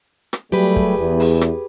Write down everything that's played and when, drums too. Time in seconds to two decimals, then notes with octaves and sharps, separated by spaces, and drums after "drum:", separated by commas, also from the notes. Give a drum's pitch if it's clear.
0.33 drum: rim click
0.52 F#3 G3 A3 G4 G#4 B4
0.76 drum: kick
0.98 E2
1.20 drum: open hi-hat
1.41 drum: rim click